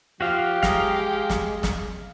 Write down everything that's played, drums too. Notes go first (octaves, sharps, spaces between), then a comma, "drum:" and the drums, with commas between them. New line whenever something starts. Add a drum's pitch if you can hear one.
F3 F#4 G4 F5
G#3 F5 A#5 D#6, drum: snare
drum: snare
drum: snare